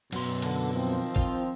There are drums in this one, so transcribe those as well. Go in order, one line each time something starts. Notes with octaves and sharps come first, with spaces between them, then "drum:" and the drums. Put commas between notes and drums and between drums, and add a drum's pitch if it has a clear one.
F#2 B2 C6, drum: cymbal
D3, drum: cymbal
D#3 F3 C4
F4, drum: kick